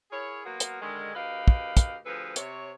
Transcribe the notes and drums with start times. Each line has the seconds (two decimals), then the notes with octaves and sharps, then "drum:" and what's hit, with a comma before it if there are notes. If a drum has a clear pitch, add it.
0.12 E4 G#4 A#4 C#5
0.44 F#3 A#3 B3 F4 F#4
0.60 drum: hi-hat
0.81 D3 D#3 G#3
1.15 D2 G4 A#4 B4 D#5 F5
1.48 drum: kick
1.77 drum: kick, hi-hat
2.06 D2 F3 G#4 A4 B4
2.36 C3 C#5, drum: hi-hat